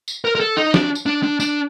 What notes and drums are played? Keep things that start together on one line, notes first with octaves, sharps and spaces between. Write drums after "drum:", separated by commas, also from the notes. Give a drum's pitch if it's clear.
drum: tambourine
A#4
A#4
A4
D#4
D4, drum: snare
drum: tambourine
D4
D4
D4, drum: tambourine